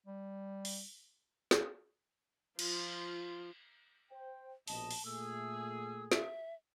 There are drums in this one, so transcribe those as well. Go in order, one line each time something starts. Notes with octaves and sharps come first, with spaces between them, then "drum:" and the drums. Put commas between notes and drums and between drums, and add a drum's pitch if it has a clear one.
G3
drum: open hi-hat
drum: snare
F3 F4, drum: cymbal
C5 G5
A#1 B2 D#5 A5, drum: open hi-hat
drum: open hi-hat
A#2 A3 G#4 E6
E5, drum: snare